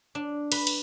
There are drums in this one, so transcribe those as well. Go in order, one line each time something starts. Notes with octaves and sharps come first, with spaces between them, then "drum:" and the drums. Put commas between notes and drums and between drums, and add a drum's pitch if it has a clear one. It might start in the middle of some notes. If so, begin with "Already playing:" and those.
D4
B4, drum: cymbal
drum: cymbal